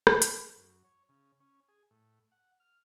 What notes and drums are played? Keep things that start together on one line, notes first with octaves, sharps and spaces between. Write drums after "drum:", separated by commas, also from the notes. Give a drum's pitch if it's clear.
D3, drum: rim click
C5, drum: hi-hat
F#2
C#5
C#3
C#4
G#4
A2
F#5
F6